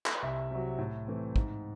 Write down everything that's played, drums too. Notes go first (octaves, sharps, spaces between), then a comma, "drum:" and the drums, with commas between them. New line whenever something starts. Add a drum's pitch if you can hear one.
drum: clap
C2 E5
C3 F#3
A2
E3 A3 C4
G#2, drum: kick